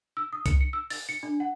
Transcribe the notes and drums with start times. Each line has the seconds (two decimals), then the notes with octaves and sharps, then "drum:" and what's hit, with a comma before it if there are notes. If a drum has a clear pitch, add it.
0.17 E6
0.33 D#6
0.46 C#7, drum: kick C2, hi-hat
0.61 C#7
0.73 E6
0.90 A6, drum: open hi-hat
1.09 C#7
1.23 D4
1.40 F#5